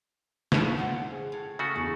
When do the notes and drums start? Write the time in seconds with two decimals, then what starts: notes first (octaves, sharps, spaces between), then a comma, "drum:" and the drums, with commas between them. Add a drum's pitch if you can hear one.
0.52 A2 E4 F4, drum: snare
0.77 F4 F#5
1.08 G#4 C5
1.32 A2
1.59 C#3 A3 F#4
1.76 E2 D#4